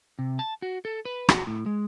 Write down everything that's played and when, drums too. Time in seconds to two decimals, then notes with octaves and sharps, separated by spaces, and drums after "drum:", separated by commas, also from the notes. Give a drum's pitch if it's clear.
0.19 C3
0.39 A5
0.62 F#4
0.85 A4
1.05 B4
1.29 F#4, drum: rim click
1.47 A2
1.66 G#3